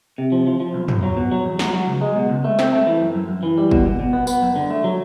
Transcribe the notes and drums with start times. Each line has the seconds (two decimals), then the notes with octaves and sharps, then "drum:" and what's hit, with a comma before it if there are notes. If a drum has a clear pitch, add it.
0.18 C3
0.32 F3
0.47 F3
0.60 F3
0.74 B1
0.88 B1, drum: tom
1.03 F#3
1.17 B2
1.32 F#3
1.45 E2
1.59 F#3, drum: snare
1.73 F#3
1.87 C#2
2.01 G#3
2.16 B2
2.30 C#2
2.44 A3
2.59 C4, drum: snare
2.73 A3
2.87 E3
3.01 F#2
3.15 F#2
3.29 F#2
3.43 E3
3.58 G3
3.71 B2, drum: kick
3.86 B2
4.00 B2
4.13 B3
4.27 B3, drum: tambourine
4.42 F#2
4.56 D3
4.70 A3
4.84 F#3